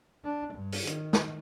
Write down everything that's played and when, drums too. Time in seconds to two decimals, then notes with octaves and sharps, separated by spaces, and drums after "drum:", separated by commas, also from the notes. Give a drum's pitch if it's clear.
0.25 D4
0.55 G2
0.72 drum: open hi-hat
0.87 D#3, drum: hi-hat
1.13 drum: snare